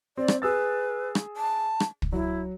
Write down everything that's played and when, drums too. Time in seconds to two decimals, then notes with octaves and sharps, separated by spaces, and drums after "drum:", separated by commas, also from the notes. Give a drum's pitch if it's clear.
0.17 C4 D5
0.28 drum: rim click
0.42 G#4 B4 E6 A6
1.15 drum: rim click
1.37 A5
1.80 drum: rim click
2.02 drum: kick
2.13 F#3 E4